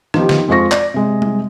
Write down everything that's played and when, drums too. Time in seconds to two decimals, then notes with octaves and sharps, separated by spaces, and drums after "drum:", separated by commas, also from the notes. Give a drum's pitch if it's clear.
0.14 D#3 F3 B3 D#4 G4, drum: rim click
0.29 drum: snare
0.48 F2 G#3 F4 C5 C#6 A#6
0.71 D5, drum: clap
0.94 C3 G#3
1.22 drum: tom G3